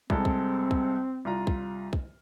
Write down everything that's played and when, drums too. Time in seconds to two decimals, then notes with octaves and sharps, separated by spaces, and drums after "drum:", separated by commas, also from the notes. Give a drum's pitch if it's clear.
0.10 C2 G#3 C4 A4, drum: kick
0.25 drum: kick
0.71 drum: kick
1.25 C2 F4 A#5
1.47 drum: kick
1.93 drum: kick